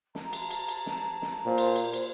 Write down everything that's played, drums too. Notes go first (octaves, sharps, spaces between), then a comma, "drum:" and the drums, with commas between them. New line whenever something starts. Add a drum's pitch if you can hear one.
A5 A#5, drum: snare
drum: cymbal
drum: cymbal
drum: cymbal
drum: snare
drum: snare
A#2 C5
drum: cymbal
drum: cymbal
drum: cymbal